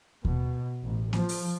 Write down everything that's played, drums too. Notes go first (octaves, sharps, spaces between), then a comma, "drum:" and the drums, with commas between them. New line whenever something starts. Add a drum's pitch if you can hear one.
B2, drum: kick D#2
A1
F3, drum: snare A#3
drum: open hi-hat